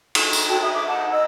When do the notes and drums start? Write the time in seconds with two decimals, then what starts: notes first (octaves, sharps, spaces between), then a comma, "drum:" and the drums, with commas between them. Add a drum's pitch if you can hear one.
0.15 drum: cymbal
0.33 drum: tambourine
0.49 F#4 A4 G5 A5
0.61 E5 D#6
0.73 E5 D6
0.87 D#4 F#5 A5
1.11 D#5 E6